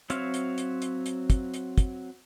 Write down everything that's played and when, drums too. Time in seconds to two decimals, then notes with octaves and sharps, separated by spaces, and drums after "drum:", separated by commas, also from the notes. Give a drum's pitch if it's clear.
0.10 F#3 C4 C#5 E5 F5, drum: hi-hat
0.34 drum: hi-hat
0.58 drum: hi-hat
0.82 drum: hi-hat
1.06 drum: hi-hat
1.30 drum: kick, hi-hat
1.54 drum: hi-hat
1.78 drum: kick, hi-hat